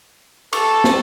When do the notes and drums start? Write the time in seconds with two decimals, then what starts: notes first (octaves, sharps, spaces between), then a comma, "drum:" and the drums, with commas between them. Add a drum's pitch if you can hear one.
0.53 A4 C#6 D6, drum: cymbal
0.84 drum: snare